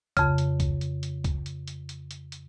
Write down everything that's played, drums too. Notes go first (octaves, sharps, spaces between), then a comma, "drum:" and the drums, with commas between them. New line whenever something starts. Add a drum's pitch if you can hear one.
F2 C#3, drum: kick C#2, hi-hat
drum: hi-hat
drum: kick C#2, hi-hat
drum: hi-hat
drum: hi-hat
drum: kick C#2, hi-hat
drum: hi-hat
drum: hi-hat
drum: hi-hat
drum: hi-hat
drum: hi-hat